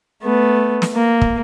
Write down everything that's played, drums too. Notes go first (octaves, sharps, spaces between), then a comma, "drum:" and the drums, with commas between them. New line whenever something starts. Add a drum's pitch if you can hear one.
A3 B3
drum: snare
A#3
drum: kick